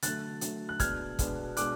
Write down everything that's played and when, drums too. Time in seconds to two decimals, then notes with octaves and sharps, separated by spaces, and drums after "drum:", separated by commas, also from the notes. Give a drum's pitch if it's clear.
0.02 D3 F#3 A3 F#6 A6, drum: hi-hat
0.41 D3 F#3 A3, drum: hi-hat
0.69 F#6
0.80 B2 G#3 B3 D4 F6 G#6, drum: kick, hi-hat
1.19 B2 G#3 B3 D4, drum: kick, hi-hat
1.57 B2 G#3 D4 D6 F#6, drum: hi-hat